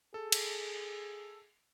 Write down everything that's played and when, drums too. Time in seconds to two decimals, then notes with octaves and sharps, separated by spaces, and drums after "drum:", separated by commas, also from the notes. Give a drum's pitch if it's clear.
0.14 G#4 A4
0.32 drum: cymbal